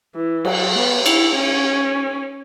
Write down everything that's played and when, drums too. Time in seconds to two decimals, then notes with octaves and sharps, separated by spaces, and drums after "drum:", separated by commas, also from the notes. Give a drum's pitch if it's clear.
0.15 E3
0.45 F#3, drum: cymbal
0.75 B3
1.06 E4, drum: cymbal
1.36 C#4